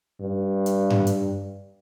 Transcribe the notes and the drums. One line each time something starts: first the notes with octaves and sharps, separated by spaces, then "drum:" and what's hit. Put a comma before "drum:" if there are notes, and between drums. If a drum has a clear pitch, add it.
G2
drum: hi-hat
drum: tom G2
drum: hi-hat